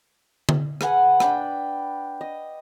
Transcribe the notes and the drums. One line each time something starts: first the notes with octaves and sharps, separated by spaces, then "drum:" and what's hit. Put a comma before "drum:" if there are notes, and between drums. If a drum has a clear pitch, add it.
drum: tom D3
G#4 B4 F#5 G#5, drum: rim click
D4 G5 B5, drum: rim click
D#5